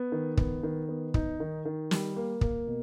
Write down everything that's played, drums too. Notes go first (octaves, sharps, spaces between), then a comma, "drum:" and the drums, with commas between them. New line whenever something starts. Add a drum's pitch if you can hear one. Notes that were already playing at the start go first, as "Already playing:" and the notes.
Already playing: B3
D#3
B3, drum: kick
D#3
B3
D#4, drum: kick
D#3
D#3
G3, drum: snare
A#3
A#3, drum: kick
B2